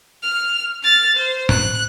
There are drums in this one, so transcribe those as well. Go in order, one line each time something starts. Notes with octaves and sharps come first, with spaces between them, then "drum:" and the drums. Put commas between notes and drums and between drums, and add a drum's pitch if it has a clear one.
F6
F6 A6
C5
F#6, drum: tom A2